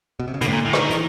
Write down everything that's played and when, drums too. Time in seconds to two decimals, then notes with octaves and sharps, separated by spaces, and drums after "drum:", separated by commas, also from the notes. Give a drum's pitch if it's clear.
0.20 B2
0.28 C3
0.34 C#3
0.41 B2 D3, drum: hi-hat
0.47 A2
0.53 A#2
0.65 A2
0.73 E3, drum: rim click
0.77 D#3
0.90 E3, drum: hi-hat